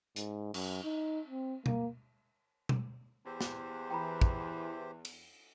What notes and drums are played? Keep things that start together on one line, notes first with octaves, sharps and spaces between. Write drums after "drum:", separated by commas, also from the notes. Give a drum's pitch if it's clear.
G#2, drum: hi-hat
F#2, drum: cymbal
D#4
C4
A#3, drum: tom B2
drum: tom B2
E2 G4 C5
drum: snare
E3 G5 A#5 B5
drum: kick
drum: cymbal